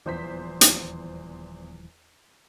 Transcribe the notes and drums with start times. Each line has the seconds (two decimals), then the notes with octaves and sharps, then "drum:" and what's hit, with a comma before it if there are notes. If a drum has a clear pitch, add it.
0.06 D#1 E2 E3 F3 C5 B6
0.61 drum: hi-hat